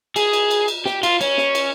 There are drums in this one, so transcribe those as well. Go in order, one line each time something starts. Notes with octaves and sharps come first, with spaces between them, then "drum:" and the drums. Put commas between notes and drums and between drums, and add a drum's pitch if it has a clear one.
G#4, drum: cymbal
drum: cymbal
drum: cymbal
drum: cymbal
G4, drum: snare
F4, drum: cymbal
C#4, drum: cymbal
drum: snare
drum: cymbal